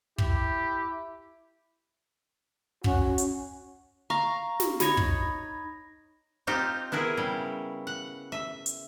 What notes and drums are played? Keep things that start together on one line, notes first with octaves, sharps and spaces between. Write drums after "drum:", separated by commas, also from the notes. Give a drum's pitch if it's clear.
E4 G4, drum: kick
C#4 F#4, drum: kick
drum: hi-hat
F5 A#5 C#6 A#6
drum: snare
D#4 C#5 B5 G#6 A#6, drum: snare
drum: kick
C4 D#4 F4 G4
B3 E4 G#4 A#4
C#3 G3
F#5
E5
drum: hi-hat